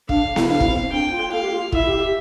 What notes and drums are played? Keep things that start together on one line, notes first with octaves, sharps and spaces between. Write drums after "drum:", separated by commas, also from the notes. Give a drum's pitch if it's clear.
D4 F5, drum: kick
E4, drum: snare B3
D4 F5
E4, drum: kick
C4
C4
D4 G5
F4
A4 F5
G4
F4
E4 E5, drum: kick
G4
G4